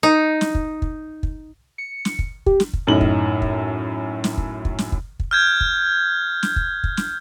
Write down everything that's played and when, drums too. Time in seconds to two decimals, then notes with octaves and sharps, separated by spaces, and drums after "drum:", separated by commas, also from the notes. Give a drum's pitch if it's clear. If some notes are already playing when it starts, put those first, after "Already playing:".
0.03 D#4
0.41 drum: snare
0.55 drum: kick
0.82 drum: kick
1.23 drum: kick
1.78 C#7
2.05 drum: snare
2.19 drum: kick
2.46 G4, drum: kick
2.60 drum: snare
2.73 drum: kick
2.87 F#2 A2 D#4 F#7
3.01 drum: kick
3.42 drum: kick
4.24 drum: snare
4.38 drum: kick
4.65 drum: kick
4.79 drum: snare
4.92 drum: kick
5.20 drum: kick
5.31 F6 G6 G#6
5.61 drum: kick
6.43 drum: snare
6.56 drum: kick
6.84 drum: kick
6.97 drum: snare